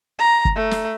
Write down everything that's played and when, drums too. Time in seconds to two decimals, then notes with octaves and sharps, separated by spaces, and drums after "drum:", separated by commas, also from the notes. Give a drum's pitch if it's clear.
0.19 A#5
0.45 drum: kick
0.55 A3
0.71 drum: snare